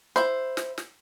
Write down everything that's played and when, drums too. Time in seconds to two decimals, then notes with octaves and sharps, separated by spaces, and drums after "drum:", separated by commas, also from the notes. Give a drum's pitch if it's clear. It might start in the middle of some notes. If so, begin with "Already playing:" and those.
0.16 E4 C5, drum: snare
0.57 drum: snare
0.78 drum: snare